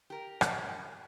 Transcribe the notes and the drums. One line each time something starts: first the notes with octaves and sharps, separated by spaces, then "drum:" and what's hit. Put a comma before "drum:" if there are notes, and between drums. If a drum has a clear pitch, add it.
G4 A#4
drum: rim click